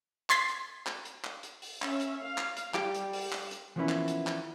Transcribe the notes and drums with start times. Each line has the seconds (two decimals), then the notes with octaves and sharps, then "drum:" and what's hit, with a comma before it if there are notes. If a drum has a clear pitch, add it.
0.30 C6 G#6 A6 B6 C7, drum: clap
0.49 drum: hi-hat
0.86 drum: clap
1.05 drum: hi-hat
1.24 drum: clap
1.43 drum: hi-hat
1.62 drum: open hi-hat
1.82 C#4 E5, drum: clap
2.00 drum: hi-hat
2.22 F5
2.38 drum: clap
2.57 drum: hi-hat
2.74 G3 G4, drum: clap
2.94 drum: hi-hat
3.13 drum: open hi-hat
3.32 drum: clap
3.51 drum: hi-hat
3.76 E3 F3 A#3 B3 C#4 E4
3.89 drum: clap
4.08 drum: hi-hat
4.27 drum: clap